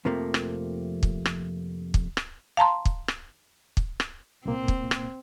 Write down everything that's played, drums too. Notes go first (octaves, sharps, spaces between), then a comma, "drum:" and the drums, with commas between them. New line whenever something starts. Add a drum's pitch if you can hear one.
F2 C3 F3 A3 A#3
drum: rim click
drum: kick
drum: rim click
drum: kick
drum: rim click
F5 A5 A#5 C6
drum: kick
drum: rim click
drum: kick
drum: rim click
C2 A#2 A#3 C4
drum: kick
drum: rim click